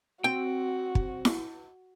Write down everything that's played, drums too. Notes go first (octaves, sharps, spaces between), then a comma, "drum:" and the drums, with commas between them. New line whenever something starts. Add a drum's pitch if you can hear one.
C4 F#4 G5
drum: kick
drum: snare E4